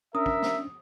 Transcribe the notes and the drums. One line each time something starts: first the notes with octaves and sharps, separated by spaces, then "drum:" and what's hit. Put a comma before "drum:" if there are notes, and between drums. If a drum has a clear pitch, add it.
C#4 D4 A#4 E5 D#6
drum: kick
drum: snare